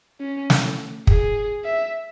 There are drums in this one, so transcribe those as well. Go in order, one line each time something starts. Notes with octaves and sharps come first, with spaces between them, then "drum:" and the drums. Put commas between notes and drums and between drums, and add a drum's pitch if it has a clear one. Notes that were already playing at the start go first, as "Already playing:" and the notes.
C#4
drum: snare
G#4, drum: kick
E5